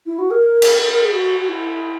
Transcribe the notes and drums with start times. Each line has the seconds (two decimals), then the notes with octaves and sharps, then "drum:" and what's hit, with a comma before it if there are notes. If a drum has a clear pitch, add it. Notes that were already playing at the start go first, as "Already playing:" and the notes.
0.06 E4
0.18 F#4
0.31 A#4
0.62 drum: cymbal
0.77 A#4
0.89 A#4
1.02 G#4
1.12 F#4
1.40 F#4
1.49 E4